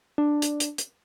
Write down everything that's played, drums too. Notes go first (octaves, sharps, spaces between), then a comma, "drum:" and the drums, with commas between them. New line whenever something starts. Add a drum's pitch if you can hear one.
D4
drum: hi-hat
drum: hi-hat
drum: hi-hat